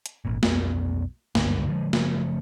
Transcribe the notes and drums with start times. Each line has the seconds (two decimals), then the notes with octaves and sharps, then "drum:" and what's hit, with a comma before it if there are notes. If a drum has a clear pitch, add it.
0.06 drum: hi-hat
0.25 G#1 A#2
0.43 B1 F2 B3, drum: snare A#3
1.35 F#1 C#2 G2 D3, drum: snare A#3
1.67 D3 F3 G#3
1.93 C#3 F3 A3, drum: snare A#3